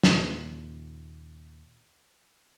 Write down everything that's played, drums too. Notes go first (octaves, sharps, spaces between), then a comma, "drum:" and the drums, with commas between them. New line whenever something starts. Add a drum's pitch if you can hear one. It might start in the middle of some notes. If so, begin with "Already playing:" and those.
D#2 A#2 C#3, drum: snare